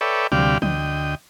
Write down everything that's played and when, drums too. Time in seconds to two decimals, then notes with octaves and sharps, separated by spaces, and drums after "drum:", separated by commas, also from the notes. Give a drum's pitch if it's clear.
0.01 A4 B4 C#5 D5 E5 G5
0.32 D2 C3 G3 D5 F5 G5, drum: tom E3
0.62 D2 D#5 G5, drum: tom E3